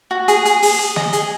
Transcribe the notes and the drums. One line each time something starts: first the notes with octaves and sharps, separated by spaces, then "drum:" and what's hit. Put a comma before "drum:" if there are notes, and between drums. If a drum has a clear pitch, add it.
F#4
G#4, drum: hi-hat
G#4, drum: hi-hat
G#4, drum: open hi-hat
G#4
D#5, drum: snare
G#4, drum: hi-hat